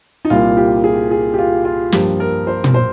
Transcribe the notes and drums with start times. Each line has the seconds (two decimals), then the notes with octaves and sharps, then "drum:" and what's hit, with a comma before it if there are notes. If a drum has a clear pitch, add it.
0.25 D#4
0.30 C2 A#2 G3 A#3 F4
0.57 G4
0.84 G#4
1.11 G#4
1.34 G4
1.38 F4
1.65 F4
1.92 G2 F3 A#3 G4, drum: snare
2.20 A#4
2.47 C5
2.64 drum: tom
2.74 C5